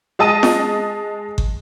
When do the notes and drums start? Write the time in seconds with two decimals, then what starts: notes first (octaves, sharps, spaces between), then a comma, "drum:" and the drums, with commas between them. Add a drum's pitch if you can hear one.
0.19 G#3 D#5 A5 D#6 D#7
0.43 drum: snare F4
1.38 drum: kick G1